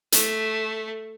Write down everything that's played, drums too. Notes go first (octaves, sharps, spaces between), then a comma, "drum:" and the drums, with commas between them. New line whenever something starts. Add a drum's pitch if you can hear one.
A3, drum: hi-hat